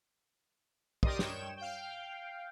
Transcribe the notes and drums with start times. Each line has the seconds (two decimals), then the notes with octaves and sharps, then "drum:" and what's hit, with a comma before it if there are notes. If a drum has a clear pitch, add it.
1.03 G4 A#4 D5 D#5 C6 D#6, drum: kick
1.19 G2 C#5 G5 E7, drum: snare
1.57 F5 G5